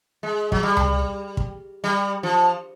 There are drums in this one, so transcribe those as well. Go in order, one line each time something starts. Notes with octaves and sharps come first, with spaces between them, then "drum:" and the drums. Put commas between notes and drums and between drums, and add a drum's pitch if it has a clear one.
G#3
F#3, drum: kick
G3
drum: tom C#2
drum: kick
G3
F3